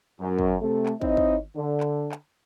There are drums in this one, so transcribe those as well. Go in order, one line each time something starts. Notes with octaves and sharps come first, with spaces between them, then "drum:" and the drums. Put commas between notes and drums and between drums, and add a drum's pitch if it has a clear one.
F#2
drum: kick
C3 A3 A4
drum: clap
C4 D#4 E4 C5 C#5 D#5, drum: kick
drum: kick
D3
drum: clap
drum: clap